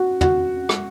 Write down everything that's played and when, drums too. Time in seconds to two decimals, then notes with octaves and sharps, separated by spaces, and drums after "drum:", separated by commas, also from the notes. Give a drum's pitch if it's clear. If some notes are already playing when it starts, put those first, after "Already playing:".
Already playing: F#4
0.21 F#4, drum: tom
0.69 drum: rim click